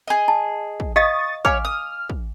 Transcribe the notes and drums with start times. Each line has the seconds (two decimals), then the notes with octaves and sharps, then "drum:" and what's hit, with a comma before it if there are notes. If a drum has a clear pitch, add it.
0.07 G#4 D#5
0.28 A5
0.80 drum: kick
0.96 D#5 F5 C#6 D#6 A6
1.45 C#5 F5 G#5 D6 F6, drum: kick
1.65 D#6
2.10 drum: kick